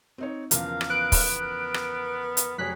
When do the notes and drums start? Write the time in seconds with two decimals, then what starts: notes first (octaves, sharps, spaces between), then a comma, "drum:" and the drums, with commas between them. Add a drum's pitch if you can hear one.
0.18 C4 D#4 C#5
0.51 E2 C#3 F3 A#3 A#4 F5, drum: hi-hat
0.81 drum: rim click
0.90 B3 F#6 D7
1.12 drum: kick, open hi-hat
1.41 A#4
1.74 drum: rim click
2.37 drum: hi-hat
2.58 F1 F#3 C#4 G#4 C#5 F#6 B6